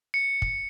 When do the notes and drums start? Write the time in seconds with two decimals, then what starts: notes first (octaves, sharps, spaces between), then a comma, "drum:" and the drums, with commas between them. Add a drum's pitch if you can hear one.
0.14 C#7
0.42 drum: kick